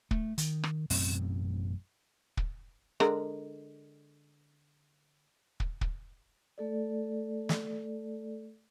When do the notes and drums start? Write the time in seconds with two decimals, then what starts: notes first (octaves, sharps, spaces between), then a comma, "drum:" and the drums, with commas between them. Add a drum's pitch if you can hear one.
0.11 A3, drum: kick
0.38 D#3, drum: hi-hat
0.64 drum: rim click
0.90 A1 F#2 B2 C4, drum: open hi-hat
2.37 drum: kick
3.00 D3 G#3 A#4, drum: rim click
5.60 drum: kick
5.81 drum: kick
6.58 A3 A4 D5
7.49 drum: snare